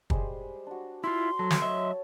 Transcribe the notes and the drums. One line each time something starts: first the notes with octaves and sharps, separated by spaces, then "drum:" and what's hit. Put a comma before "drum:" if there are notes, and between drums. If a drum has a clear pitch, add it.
G3 G#3 C5, drum: kick
D4 F#4
E4 F4 C6
F#3 A4
drum: snare
F#3 C#5 D#5 E5